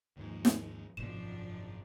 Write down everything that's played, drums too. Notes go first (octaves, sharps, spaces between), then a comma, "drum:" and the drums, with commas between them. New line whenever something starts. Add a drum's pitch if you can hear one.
D#2 G#2 F3 G#3
drum: snare
G#1 F#2 B2 F3 D4 E7